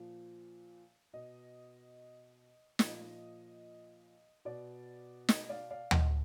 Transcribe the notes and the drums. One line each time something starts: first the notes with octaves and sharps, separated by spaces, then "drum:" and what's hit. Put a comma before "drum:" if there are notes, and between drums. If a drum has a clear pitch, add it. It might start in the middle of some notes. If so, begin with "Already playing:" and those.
Already playing: A#2 F3
B2 D#5
A#2 F3 D#5, drum: snare
B2 D5
D#5, drum: snare
D5 F5
D5 F5
D#5 F#5, drum: tom D2